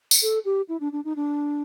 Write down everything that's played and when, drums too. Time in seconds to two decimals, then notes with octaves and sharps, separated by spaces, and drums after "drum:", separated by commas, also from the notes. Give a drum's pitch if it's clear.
0.11 drum: tambourine
0.22 A4
0.45 G4
0.69 E4
0.80 D4
0.92 D4
1.05 D#4
1.16 D4